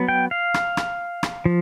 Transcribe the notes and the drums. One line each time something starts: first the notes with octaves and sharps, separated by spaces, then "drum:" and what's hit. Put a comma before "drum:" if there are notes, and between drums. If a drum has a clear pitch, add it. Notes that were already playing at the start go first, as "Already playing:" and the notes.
Already playing: F#3 B3
G5
F5
drum: rim click
drum: rim click
drum: rim click
F3